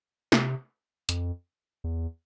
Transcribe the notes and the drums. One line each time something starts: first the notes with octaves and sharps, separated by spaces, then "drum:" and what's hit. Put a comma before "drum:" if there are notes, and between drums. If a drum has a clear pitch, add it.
C3, drum: snare
F2, drum: hi-hat
E2